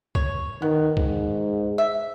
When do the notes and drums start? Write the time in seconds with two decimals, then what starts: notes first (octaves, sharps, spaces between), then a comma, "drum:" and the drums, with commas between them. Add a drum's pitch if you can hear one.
0.15 C#5, drum: kick C#2
0.62 D#3 B3
0.97 G#2, drum: kick C#2
1.78 E5